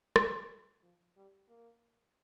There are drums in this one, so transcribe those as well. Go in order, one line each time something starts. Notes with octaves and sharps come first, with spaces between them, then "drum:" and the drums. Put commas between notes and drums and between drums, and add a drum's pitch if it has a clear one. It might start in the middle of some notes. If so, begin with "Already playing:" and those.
D#3, drum: rim click
F3
G3
A#3